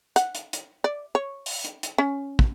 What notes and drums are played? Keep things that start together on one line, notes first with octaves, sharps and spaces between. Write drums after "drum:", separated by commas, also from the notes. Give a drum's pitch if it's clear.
F#5, drum: hi-hat
drum: hi-hat
drum: hi-hat
D5
C#5
drum: open hi-hat
drum: hi-hat
drum: hi-hat
C#4
drum: kick